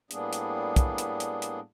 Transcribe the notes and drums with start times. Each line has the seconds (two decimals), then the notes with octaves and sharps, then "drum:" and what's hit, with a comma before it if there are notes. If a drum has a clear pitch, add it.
0.11 A2 G3 A#3 B3 D4 G#4, drum: hi-hat
0.33 drum: hi-hat
0.76 drum: kick, hi-hat
0.98 drum: hi-hat
1.20 drum: hi-hat
1.42 drum: hi-hat